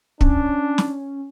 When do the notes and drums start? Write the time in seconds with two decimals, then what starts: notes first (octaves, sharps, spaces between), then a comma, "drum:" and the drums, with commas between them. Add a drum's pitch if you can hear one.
0.21 C#4 D4, drum: kick
0.78 drum: snare